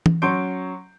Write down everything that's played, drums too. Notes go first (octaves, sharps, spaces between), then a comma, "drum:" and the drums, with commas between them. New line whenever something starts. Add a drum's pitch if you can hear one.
drum: tom E3
F#3 C#4 C6 C#6 G6 D7